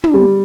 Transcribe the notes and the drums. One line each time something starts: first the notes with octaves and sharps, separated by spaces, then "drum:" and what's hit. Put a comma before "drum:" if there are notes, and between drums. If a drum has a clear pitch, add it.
drum: tom
G3